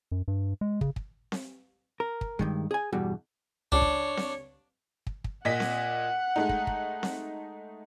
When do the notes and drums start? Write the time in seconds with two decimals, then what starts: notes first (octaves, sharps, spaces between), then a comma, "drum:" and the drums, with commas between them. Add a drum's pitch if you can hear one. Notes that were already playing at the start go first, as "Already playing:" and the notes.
0.12 F#2
0.28 G2
0.61 G#3
0.81 C#3, drum: kick
0.96 drum: kick
1.32 drum: snare C4
2.00 A#4
2.21 drum: kick
2.39 G2 D#3 G#3, drum: kick
2.71 G#4 G#5
2.92 E2 G2 B2 G3 F#4
3.72 C#2 D4 C#5
3.82 drum: kick
4.17 drum: snare C4
5.07 drum: kick
5.24 drum: kick
5.45 A#2 D#5 F#5 B6
5.60 drum: snare C4
6.36 G#3 A3 D#4
6.49 drum: kick
6.67 drum: kick
7.03 drum: snare C4